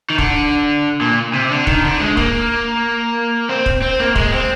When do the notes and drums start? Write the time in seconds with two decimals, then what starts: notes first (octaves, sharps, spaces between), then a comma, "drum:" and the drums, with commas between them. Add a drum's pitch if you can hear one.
0.10 D#3
0.18 D3, drum: kick
1.01 A#2
1.34 C3
1.51 D3
1.67 D#3, drum: kick
1.84 D3
2.00 G#3
2.17 A#3, drum: kick
3.49 C4
3.66 drum: kick
3.82 C4
4.00 A#3
4.15 G#3, drum: kick
4.32 C4